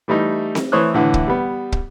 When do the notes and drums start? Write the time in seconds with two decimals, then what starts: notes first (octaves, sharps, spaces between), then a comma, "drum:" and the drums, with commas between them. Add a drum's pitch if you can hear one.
0.08 E3 G3 A3 D#4
0.55 drum: snare C4
0.72 E3 A3 C5 C#5 D#6 F#6
0.94 A2 D3 E3
1.14 drum: kick
1.27 G3 B3
1.72 drum: kick